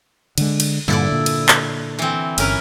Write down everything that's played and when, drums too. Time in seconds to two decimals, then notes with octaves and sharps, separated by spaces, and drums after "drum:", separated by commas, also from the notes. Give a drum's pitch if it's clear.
0.38 D3 G#3, drum: cymbal
0.60 drum: cymbal
0.88 G2 A#2 D3 E4 A4 D5
1.12 A#2
1.26 drum: cymbal
1.48 drum: clap
1.99 E3 C4
2.38 G1 C#4 A#4 B4, drum: cymbal